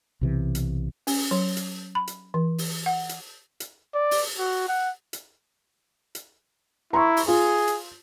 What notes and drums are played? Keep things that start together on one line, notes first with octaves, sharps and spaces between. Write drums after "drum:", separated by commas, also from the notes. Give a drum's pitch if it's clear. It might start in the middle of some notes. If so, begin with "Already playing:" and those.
B1 C3 E3
drum: hi-hat
C#4, drum: open hi-hat
F#3
drum: hi-hat
B5
drum: hi-hat
E3
drum: open hi-hat
F#5
drum: hi-hat
drum: hi-hat
D5
drum: open hi-hat
F#4
F#5
drum: hi-hat
drum: hi-hat
E4 A#5 C6 C#6
drum: open hi-hat
F4 G#4
drum: hi-hat